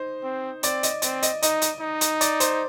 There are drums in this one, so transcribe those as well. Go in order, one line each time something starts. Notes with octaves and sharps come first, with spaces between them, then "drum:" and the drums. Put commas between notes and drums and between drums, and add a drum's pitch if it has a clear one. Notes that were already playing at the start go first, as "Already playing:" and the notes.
Already playing: D#4 C5
C4
C4 D5, drum: hi-hat
D#5, drum: hi-hat
C4 D5, drum: hi-hat
D#5, drum: hi-hat
D#4 D#5, drum: hi-hat
drum: hi-hat
D#4
drum: hi-hat
D5, drum: hi-hat
C5, drum: hi-hat